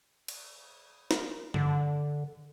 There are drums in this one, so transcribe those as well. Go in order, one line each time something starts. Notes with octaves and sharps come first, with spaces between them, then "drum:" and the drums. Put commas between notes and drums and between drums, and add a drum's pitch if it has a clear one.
drum: cymbal
drum: snare
D3, drum: tom G2